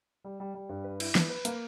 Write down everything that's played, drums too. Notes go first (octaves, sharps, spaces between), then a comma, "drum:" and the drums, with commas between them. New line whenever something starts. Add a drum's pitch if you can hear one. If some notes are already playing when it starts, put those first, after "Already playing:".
G3
G3
G3
G2
B4
E4, drum: cymbal
B4, drum: snare
B4
A#3, drum: hi-hat